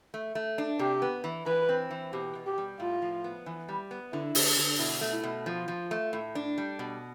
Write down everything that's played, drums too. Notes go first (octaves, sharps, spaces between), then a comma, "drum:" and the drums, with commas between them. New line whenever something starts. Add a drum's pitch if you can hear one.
A3
A3
D4
C3 G4
B3
E3
E3 B4
C4
E3
B2 G4
B2
G4
G3
A2 F4
F3
B3
E3
G3
B3
D3 E4
D3, drum: open hi-hat
D3
B2 E4
A3
E4
B2
F3 F4
F3
A3
A2
D4
G3
B2